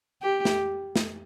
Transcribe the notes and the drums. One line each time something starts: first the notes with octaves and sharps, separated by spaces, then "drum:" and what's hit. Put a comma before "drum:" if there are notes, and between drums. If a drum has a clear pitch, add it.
G4
drum: snare
drum: snare